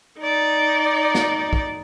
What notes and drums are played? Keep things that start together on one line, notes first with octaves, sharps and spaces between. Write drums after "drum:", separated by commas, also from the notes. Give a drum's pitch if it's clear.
D#4 D5
drum: snare
drum: kick